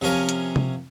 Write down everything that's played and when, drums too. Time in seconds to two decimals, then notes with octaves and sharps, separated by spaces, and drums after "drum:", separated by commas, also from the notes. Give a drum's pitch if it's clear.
0.02 C3 F3 C#4 A#4 G#5
0.29 drum: hi-hat
0.56 drum: tom C3